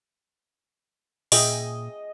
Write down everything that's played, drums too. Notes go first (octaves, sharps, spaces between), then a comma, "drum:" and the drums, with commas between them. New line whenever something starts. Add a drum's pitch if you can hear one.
A#2 G#4 D#5 E5 G5, drum: open hi-hat